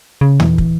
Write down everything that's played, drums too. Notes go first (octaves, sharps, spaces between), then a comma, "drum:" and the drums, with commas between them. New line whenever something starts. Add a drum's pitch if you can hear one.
C#3
E3, drum: tom
drum: kick